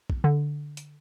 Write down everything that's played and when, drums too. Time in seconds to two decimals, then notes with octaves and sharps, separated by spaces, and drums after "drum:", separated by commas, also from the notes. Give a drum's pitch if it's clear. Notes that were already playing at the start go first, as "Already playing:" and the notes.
0.10 drum: kick
0.24 D3
0.77 drum: hi-hat